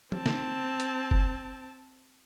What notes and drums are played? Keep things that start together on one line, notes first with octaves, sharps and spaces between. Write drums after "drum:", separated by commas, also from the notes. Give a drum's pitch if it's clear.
C4 A5, drum: tom F3
drum: snare
drum: hi-hat
drum: kick F#1